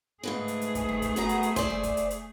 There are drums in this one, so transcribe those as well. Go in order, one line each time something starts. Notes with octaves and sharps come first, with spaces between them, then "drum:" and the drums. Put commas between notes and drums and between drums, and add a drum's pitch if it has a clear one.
G#2 C#3 A3 G#4 B4
drum: hi-hat
drum: hi-hat
drum: kick, hi-hat
drum: snare
drum: kick, hi-hat
F#2 B3 A#5, drum: hi-hat
drum: hi-hat
drum: hi-hat
C5 D5 E5, drum: kick, hi-hat
drum: snare
drum: kick, hi-hat
drum: hi-hat
drum: hi-hat